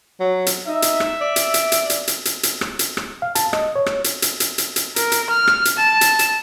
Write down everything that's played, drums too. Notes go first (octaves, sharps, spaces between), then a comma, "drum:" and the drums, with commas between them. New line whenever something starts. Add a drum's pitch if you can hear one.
F#3
drum: hi-hat
D#4 E5
drum: hi-hat
drum: rim click
D5
drum: hi-hat
drum: hi-hat
drum: hi-hat
drum: hi-hat
drum: hi-hat
drum: hi-hat
drum: hi-hat
drum: rim click
drum: hi-hat
drum: rim click
F5
A5, drum: hi-hat
D#5, drum: rim click
C#5
drum: rim click
drum: hi-hat
drum: hi-hat
drum: hi-hat
drum: hi-hat
drum: hi-hat
A#4, drum: hi-hat
drum: hi-hat
F6
drum: rim click
drum: hi-hat
A5
drum: hi-hat
drum: hi-hat